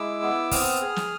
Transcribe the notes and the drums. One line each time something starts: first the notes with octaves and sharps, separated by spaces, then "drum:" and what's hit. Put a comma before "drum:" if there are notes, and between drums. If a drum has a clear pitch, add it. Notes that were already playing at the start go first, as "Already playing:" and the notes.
Already playing: G#3 E4 D6 E6
B3
C4 D#6 F6, drum: kick, open hi-hat
G#4
drum: snare